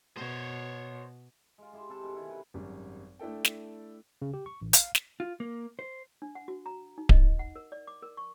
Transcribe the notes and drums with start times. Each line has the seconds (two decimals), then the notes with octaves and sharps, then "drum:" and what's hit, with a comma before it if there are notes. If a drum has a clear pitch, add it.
0.17 B2 C5 C#5
1.58 G#3 F4
1.73 G#3 E4 G4 C5
1.89 C3 C4 A4 C5
2.03 B2 G#3 C#4
2.14 D#3 E4 A4
2.28 C3 D#3 B4
2.54 G#1 F#2 G3
3.19 A3 D4 E4 A4 G5
3.45 drum: snare
4.22 C#3
4.34 G4
4.46 C#6
4.62 A1
4.73 F5, drum: hi-hat
4.95 drum: snare
5.20 F4
5.40 A#3
5.79 C5
6.22 D4
6.35 F#5
6.48 F#4
6.66 A#5
6.98 D#4
7.09 D#5, drum: kick D1
7.39 F#5
7.56 A#4
7.72 D5
7.87 D6
8.03 A#4
8.17 C#6